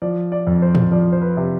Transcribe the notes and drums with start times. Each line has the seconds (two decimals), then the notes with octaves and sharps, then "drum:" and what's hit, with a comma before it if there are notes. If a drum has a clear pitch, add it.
0.02 F3 D5
0.32 D5
0.47 F2
0.62 C5
0.75 drum: tom A2
0.92 F3 D5
1.12 C5
1.22 B4
1.37 C3